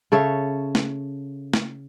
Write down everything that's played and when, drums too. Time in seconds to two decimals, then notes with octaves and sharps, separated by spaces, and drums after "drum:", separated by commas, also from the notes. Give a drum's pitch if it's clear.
0.12 C#3 A4 C#5 E5
0.75 drum: snare
1.54 drum: snare